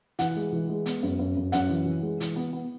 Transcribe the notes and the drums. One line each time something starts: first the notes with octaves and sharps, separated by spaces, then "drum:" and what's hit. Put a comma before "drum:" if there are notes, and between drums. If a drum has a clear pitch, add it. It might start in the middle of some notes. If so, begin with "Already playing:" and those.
E3 F#5, drum: hi-hat
G#3
E3
G#3
B3, drum: hi-hat
F#2
F#2
F#2
F#2 F#5, drum: hi-hat
E3
E3
G#3
E3, drum: hi-hat
B3
B3